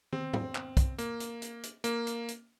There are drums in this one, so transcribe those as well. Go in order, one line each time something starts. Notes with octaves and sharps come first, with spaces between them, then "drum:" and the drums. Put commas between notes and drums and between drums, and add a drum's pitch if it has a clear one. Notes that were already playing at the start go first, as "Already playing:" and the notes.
C4, drum: tom
drum: tom G#2
drum: clap
drum: kick B1, hi-hat
A#3, drum: hi-hat
drum: hi-hat
drum: hi-hat
drum: hi-hat
A#3, drum: hi-hat
drum: hi-hat
drum: hi-hat